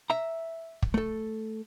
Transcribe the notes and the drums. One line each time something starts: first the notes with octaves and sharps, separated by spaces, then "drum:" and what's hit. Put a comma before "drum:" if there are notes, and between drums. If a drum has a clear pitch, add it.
E5 A#5
drum: kick
A3 A4